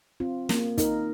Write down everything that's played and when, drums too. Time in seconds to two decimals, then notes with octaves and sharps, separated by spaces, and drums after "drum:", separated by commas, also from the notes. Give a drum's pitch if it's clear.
0.20 C4 F4
0.49 A#3, drum: snare
0.78 D#4 A#4, drum: kick, hi-hat